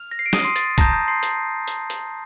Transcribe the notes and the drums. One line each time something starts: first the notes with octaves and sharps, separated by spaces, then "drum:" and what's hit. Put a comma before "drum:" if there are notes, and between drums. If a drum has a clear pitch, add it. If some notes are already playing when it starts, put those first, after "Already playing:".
Already playing: F6 F7
A#6
C7
D7
D#6 D#7, drum: snare
C6 C7
A6, drum: hi-hat
A5 A#5 D#6 G6 A#6, drum: kick, hi-hat
G6
C6 C7
drum: hi-hat
drum: hi-hat
drum: hi-hat